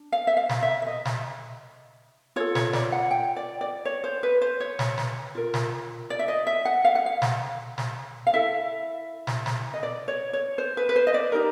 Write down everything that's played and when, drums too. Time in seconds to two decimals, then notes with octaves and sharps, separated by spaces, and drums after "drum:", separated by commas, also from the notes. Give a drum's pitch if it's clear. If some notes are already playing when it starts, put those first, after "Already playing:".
Already playing: D4
0.12 F5
0.27 E5
0.37 F5
0.49 drum: snare
0.63 E5
0.82 E5
0.86 D#5
1.05 drum: snare
2.36 F4 A4 C#5
2.55 C#5, drum: snare
2.73 D5, drum: snare
2.92 F#5
3.11 G5
3.36 D5
3.61 D5
3.85 C#5
4.04 C5
4.23 B4
4.41 C5
4.60 C#5
4.79 drum: snare
4.98 drum: snare
5.35 F4 A#4
5.54 drum: snare
6.10 D5
6.19 E5
6.28 D#5
6.47 E5
6.65 F#5
6.84 F5
6.95 F#5
7.06 F5
7.22 drum: snare
7.78 drum: snare
8.27 F5
8.34 E4 A4 E5
9.27 drum: snare
9.46 drum: snare
9.74 D#5
9.83 D5
10.08 C#5
10.33 C#5
10.58 C5
10.77 B4
10.89 B4
10.96 C5
11.07 D#5
11.14 D5
11.32 D#4 G4 A#4